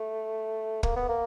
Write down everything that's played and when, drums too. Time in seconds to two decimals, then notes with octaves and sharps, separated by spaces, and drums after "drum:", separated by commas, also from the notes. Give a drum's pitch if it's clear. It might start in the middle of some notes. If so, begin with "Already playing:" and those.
Already playing: A3
0.83 A#3, drum: kick
0.96 B3
1.09 A#3